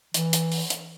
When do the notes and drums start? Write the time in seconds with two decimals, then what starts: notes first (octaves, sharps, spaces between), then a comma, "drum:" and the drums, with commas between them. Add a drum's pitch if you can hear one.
0.14 E3, drum: hi-hat
0.33 drum: hi-hat
0.52 drum: open hi-hat
0.70 drum: hi-hat